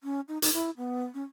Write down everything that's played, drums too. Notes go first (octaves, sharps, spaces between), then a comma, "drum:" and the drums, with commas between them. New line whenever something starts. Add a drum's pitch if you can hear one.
C#4
D#4
D#4, drum: hi-hat
E4
B3
C#4